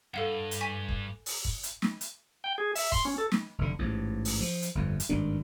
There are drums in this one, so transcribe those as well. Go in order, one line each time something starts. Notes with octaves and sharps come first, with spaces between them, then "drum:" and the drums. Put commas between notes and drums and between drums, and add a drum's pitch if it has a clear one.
G2 A4 F5 F#5
drum: hi-hat
G#5 C#6 B6
drum: kick
drum: open hi-hat
drum: kick
drum: hi-hat
drum: snare
drum: hi-hat
G5
G#4
E5, drum: open hi-hat
C6, drum: kick
C#4
A4
drum: snare
F1 D3
A1 G#2
drum: open hi-hat
F3
drum: hi-hat
G1 F2
drum: hi-hat
G#1 G2 D#3 D4